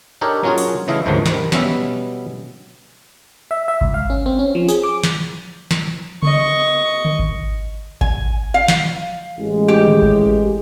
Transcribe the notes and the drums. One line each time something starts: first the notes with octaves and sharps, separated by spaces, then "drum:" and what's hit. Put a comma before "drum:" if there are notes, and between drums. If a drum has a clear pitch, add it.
D4 D#4 G4 A4 A#4 C#5
F#3 A#3 C#4 F4 F#4 G#4
drum: open hi-hat
C#3 E3 A3 E4 D#5 F5
D2 G#2 D#3 F3 F#3 A3
D#3 G3, drum: snare
B2 G3 B3 C#4 E5, drum: snare
E5
E5
C#2, drum: kick G#1
F5
C#4
C4
C#4
F3
G#4, drum: tambourine
D6
drum: snare
drum: snare
D#5 C#6, drum: tom C#3
drum: tom D3
drum: kick G#1
G#5, drum: kick G#1
F5
drum: snare
A1 G#3
G4
drum: tom D3
drum: kick G#1